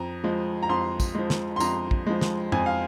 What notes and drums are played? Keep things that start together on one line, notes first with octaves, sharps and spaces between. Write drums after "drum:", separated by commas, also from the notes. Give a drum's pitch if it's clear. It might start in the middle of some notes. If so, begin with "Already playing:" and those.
Already playing: F2 A#5
F3 G#3
A#5
F2 C6
drum: kick, tambourine
F3 G#3
drum: snare
C6
F2 A#5, drum: tambourine
drum: kick
F3 G#3
drum: snare
F2 G#5, drum: tom
F5